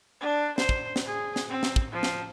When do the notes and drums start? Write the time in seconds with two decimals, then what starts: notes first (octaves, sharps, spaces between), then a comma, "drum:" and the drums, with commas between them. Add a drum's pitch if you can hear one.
0.21 D4
0.58 C5, drum: snare
0.69 drum: kick
0.96 drum: snare
1.06 G#4
1.36 drum: snare
1.49 C4
1.63 drum: snare
1.76 drum: kick
1.93 F3
2.03 drum: snare